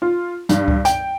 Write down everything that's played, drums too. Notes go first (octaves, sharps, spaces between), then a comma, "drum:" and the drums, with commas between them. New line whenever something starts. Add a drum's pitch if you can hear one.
F4
G2, drum: hi-hat
drum: kick C#2
G5, drum: hi-hat